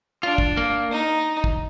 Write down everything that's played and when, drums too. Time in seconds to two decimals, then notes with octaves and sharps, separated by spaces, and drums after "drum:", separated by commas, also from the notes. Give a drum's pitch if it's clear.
0.23 D4 F4
0.38 drum: kick
0.57 A#3
0.91 D#4
1.44 drum: kick